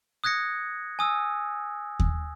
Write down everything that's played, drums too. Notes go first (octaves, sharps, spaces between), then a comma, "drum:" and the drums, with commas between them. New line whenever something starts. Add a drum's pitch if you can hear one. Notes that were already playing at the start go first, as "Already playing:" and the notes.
D#6 F#6 G#6 A#6 C#7
G#5 D#6 E6
drum: kick D#2